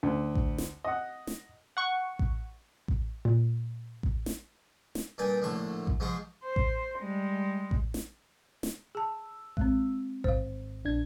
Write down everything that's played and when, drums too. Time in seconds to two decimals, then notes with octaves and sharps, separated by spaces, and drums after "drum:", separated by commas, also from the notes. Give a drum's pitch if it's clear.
0.03 D2
0.35 drum: kick A1
0.58 drum: snare
0.84 D#5 F#5
1.27 drum: snare
1.77 F#5 C#6
2.19 drum: kick A1
2.88 drum: kick A1
3.25 A#2
4.03 drum: kick A1
4.26 drum: snare
4.95 drum: snare
5.18 G2 A#2 D5 G5 G#5
5.42 A#1 A2 D3 C#6
5.87 drum: kick A1
6.00 G#2 F3 G#3 C#6
6.44 C5
6.56 drum: kick A1
6.99 G3 G#3
7.71 drum: kick A1
7.94 drum: snare
8.63 drum: snare
8.95 G#4 A5 E6
9.57 G#3 C4, drum: kick A1
10.24 G#1 C5 F5, drum: kick A1
10.85 A#1 D4 G#6